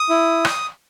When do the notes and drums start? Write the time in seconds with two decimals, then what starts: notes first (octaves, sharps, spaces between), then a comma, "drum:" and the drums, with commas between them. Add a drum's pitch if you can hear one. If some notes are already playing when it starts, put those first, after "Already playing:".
Already playing: D#6
0.10 E4
0.45 drum: rim click